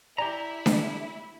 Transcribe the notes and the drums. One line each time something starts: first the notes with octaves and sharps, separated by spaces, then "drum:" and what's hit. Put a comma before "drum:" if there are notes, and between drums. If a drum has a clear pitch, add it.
E4 G4 D5 G#5 A#5
drum: snare D4